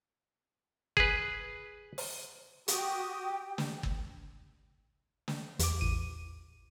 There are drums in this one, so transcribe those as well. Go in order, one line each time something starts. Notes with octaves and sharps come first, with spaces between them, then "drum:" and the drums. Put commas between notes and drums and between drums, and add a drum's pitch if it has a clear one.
G#4 B4, drum: kick
drum: open hi-hat
F#4 G4 G5 D#6, drum: hi-hat
drum: snare
drum: kick
drum: snare
E2 D6, drum: hi-hat
A1 D#7